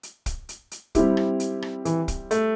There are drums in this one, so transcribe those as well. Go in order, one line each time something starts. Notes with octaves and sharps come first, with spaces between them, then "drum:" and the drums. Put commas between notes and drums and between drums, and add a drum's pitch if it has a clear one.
drum: hi-hat
drum: kick, hi-hat
drum: hi-hat
drum: hi-hat
G3 C4 E4 G4, drum: kick, hi-hat
drum: rim click
drum: hi-hat
drum: rim click
E3, drum: hi-hat
drum: kick, hi-hat
A3, drum: hi-hat